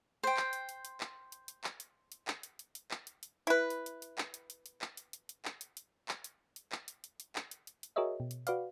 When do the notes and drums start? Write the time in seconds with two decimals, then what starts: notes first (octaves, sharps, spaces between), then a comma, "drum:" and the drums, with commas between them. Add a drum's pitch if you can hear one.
0.23 C5 G5
0.37 drum: clap
0.53 drum: hi-hat
0.69 drum: hi-hat
0.85 drum: hi-hat
1.01 drum: clap
1.32 drum: hi-hat
1.48 drum: hi-hat
1.64 drum: clap
1.80 drum: hi-hat
2.12 drum: hi-hat
2.28 drum: clap
2.43 drum: hi-hat
2.59 drum: hi-hat
2.75 drum: hi-hat
2.91 drum: clap
3.07 drum: hi-hat
3.23 drum: hi-hat
3.47 E4 B4
3.70 drum: hi-hat
3.86 drum: hi-hat
4.02 drum: hi-hat
4.18 drum: clap
4.34 drum: hi-hat
4.50 drum: hi-hat
4.66 drum: hi-hat
4.82 drum: clap
4.97 drum: hi-hat
5.13 drum: hi-hat
5.29 drum: hi-hat
5.45 drum: clap
5.61 drum: hi-hat
5.77 drum: hi-hat
6.09 drum: clap
6.24 drum: hi-hat
6.56 drum: hi-hat
6.72 drum: clap
6.88 drum: hi-hat
7.04 drum: hi-hat
7.20 drum: hi-hat
7.36 drum: clap
7.51 drum: hi-hat
7.67 drum: hi-hat
7.83 drum: hi-hat
7.96 F#4 G#4 A#4 C#5 D#5 E5
8.20 B2
8.31 drum: hi-hat
8.47 F#4 B4 D5 F5, drum: hi-hat